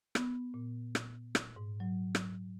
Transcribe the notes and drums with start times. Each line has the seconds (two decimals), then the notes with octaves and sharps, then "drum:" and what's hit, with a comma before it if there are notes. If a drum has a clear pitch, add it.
0.15 B3, drum: rim click
0.54 A#2
0.95 drum: rim click
1.35 drum: rim click
1.56 G#2
1.80 F#3
2.15 drum: rim click